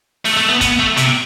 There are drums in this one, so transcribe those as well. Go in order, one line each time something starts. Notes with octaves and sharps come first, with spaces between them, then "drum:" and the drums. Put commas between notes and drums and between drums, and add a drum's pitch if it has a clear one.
A3, drum: open hi-hat
A3
B3
B3, drum: kick, hi-hat
A3
C3, drum: hi-hat